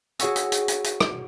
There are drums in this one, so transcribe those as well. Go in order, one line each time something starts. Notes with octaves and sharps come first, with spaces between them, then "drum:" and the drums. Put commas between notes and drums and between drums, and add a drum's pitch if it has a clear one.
F#4 G#4 C#5 F#5 C#6 E6, drum: hi-hat
drum: hi-hat
drum: hi-hat
drum: hi-hat
drum: hi-hat
drum: rim click